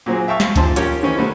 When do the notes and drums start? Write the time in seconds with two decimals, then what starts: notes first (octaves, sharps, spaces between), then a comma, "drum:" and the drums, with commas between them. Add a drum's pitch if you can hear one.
0.06 A#2 F#3 C4 G#4
0.28 E5 F5 G5 A5 C#6 E6
0.40 drum: snare
0.56 E2 A#2 D#3 F3 A5 C6, drum: kick C#2, hi-hat
0.76 C#4 F4 G4 A#4 C#5, drum: hi-hat
1.03 D#3 E3 C4 C#4
1.17 C3 G3 A3 B3 C4